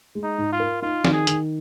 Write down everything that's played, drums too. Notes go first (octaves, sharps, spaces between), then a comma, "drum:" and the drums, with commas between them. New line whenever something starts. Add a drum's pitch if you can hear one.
G#3
D#4
G#2
F4
A#4
D#4 F4
D#3, drum: snare
G#4
D#3, drum: hi-hat